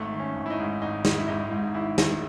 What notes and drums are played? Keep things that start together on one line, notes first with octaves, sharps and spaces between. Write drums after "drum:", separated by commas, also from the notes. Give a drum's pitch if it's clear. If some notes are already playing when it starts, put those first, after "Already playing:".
Already playing: G#1 A3
D#3
C#4
G#1
E4
D#4
G#2
G#1 D#4
D#3, drum: snare
E4
G#1 D#4
G#2
G#1 E4
D#3, drum: snare